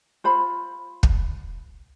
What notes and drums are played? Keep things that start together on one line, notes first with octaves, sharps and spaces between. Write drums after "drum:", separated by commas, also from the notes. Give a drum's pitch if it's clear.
F4 C5 B5
drum: kick